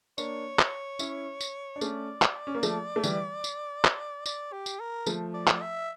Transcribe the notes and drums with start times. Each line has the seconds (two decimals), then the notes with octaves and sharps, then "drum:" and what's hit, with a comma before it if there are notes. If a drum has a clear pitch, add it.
0.18 A#3 D4 C#5, drum: tambourine
0.59 drum: clap
0.99 C#4 E4, drum: tambourine
1.41 drum: tambourine
1.76 D4
1.81 A3 C#4 D5, drum: tambourine
2.22 drum: clap
2.47 C#4
2.55 A#3
2.63 F3 A3, drum: tambourine
2.96 A3
3.04 E3 G3, drum: tambourine
3.44 drum: tambourine
3.85 drum: clap
4.26 D5, drum: tambourine
4.52 G4
4.66 drum: tambourine
4.80 A#4
5.06 F3 A3, drum: tambourine
5.34 D5
5.47 drum: clap
5.61 E5